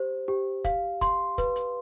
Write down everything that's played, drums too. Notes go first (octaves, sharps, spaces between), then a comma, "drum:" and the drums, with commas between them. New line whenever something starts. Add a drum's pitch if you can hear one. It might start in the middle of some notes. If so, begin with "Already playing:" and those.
Already playing: G4 C5
G4
F5, drum: kick, hi-hat
C6, drum: kick, hi-hat
B4, drum: kick, hi-hat
drum: hi-hat